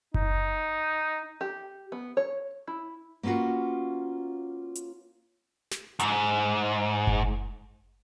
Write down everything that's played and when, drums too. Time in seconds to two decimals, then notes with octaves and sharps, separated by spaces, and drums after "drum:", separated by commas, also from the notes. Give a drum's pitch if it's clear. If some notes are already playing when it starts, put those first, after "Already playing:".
0.14 D#4, drum: kick F#1
1.41 G4
1.92 B3
2.17 C#5
2.68 E4
3.23 A#3 B3 C#4 F4 F#4
4.75 drum: hi-hat
5.72 drum: snare
5.99 E2 G#2, drum: hi-hat
7.07 drum: kick F#1